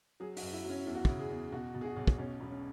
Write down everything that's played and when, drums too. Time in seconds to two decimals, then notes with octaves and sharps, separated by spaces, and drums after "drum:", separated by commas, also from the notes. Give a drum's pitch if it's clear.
0.20 F#3 G#4
0.37 F#4, drum: open hi-hat
0.42 F#2
0.53 E4
0.64 F#3
0.69 C#4
0.86 E2 E4
0.95 F#4
1.05 E4, drum: kick
1.09 C#3
1.19 G#4
1.30 E2
1.52 B2 F#4
1.74 B2
1.81 G#4
1.85 F#4
1.96 B1
2.07 drum: kick
2.18 B2 C#4
2.40 E1
2.52 C#4